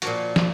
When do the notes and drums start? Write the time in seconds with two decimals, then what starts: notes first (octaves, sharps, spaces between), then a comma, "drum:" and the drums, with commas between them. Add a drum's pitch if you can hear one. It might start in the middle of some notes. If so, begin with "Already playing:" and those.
0.02 A#2 F3 A#3 F#4, drum: hi-hat
0.36 drum: snare